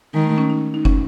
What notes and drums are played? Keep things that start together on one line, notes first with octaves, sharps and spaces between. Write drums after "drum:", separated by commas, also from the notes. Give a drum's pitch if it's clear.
D#3 G#3
A3
C#4
D#4
D#4
C#4, drum: kick